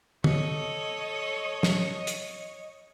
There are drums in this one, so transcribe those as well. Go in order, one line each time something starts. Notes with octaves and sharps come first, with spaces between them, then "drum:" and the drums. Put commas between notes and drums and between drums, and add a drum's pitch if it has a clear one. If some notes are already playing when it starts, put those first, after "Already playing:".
A4 C#5 D#5, drum: tom
drum: snare
drum: hi-hat